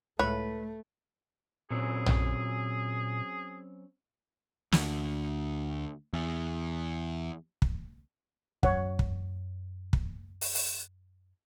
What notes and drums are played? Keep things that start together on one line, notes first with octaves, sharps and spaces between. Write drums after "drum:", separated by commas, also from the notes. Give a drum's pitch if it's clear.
C#2 A2 A3 B4 C#5
A#2 F#3 C4 C#4 G#4
drum: tom A#1
D2, drum: snare
E2
drum: kick
F#2 F#3 C#4 C#5 F#5, drum: kick
drum: kick
drum: kick
drum: open hi-hat
drum: open hi-hat